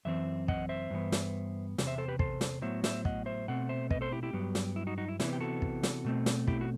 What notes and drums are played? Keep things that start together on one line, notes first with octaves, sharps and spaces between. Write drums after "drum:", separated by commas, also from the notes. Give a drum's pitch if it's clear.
F#2 E3 C4 E5
D#5 F#5, drum: kick
C5 E5
G2 E3 B3
drum: snare
E2 C3, drum: snare
C5 E5
A4 C5
G4 B4
A4 C5, drum: kick
drum: snare
A2 F#3 B3 C5 E5
C5 E5, drum: snare
D#5 F#5, drum: kick
C5 E5
B2 A3 C4 F#5
C5 E5
B4 D#5, drum: kick
A4 C5
E4 G4
E4 G4
G2 F#3 B3
drum: snare
E4
D#4 F#4
D#4 F#4
E4
C3 E3 B3 E4, drum: snare
G4
F#4 A4
drum: kick
drum: snare
B2 A3 C4
drum: snare
E4 G4, drum: kick
F#4